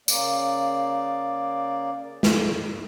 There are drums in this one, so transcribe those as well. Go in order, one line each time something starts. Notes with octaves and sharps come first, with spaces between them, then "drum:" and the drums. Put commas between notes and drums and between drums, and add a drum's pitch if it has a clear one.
C#3 A#3 D5, drum: tambourine
drum: snare